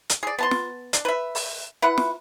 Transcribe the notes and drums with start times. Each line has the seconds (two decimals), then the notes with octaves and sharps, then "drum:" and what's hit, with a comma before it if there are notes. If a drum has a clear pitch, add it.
0.10 drum: hi-hat
0.23 G#4 D5
0.39 B3 A5 C6
0.51 drum: snare
0.93 D4, drum: hi-hat
1.05 B4 E5
1.35 drum: open hi-hat
1.82 E4 B4 F#5
1.98 drum: snare